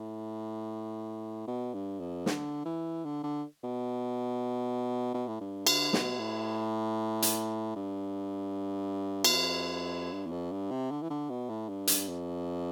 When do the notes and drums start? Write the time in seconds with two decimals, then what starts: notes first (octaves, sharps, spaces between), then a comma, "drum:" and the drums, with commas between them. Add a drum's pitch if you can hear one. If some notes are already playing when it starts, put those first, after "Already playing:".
Already playing: A2
1.47 B2
1.74 G2
2.00 F2
2.26 D3, drum: snare
2.65 E3
3.05 D3
3.24 D3
3.63 B2
5.14 B2
5.28 A2
5.40 G2
5.67 D3, drum: cymbal
5.93 B2, drum: snare
6.19 A2
7.22 drum: hi-hat
7.76 G2
9.24 E2, drum: cymbal
9.33 F2
10.13 G2
10.26 E2
10.32 F2
10.52 G2
10.71 C3
10.91 D3
11.02 E3
11.10 D3
11.30 B2
11.49 A2
11.69 G2
11.87 drum: hi-hat
12.08 F2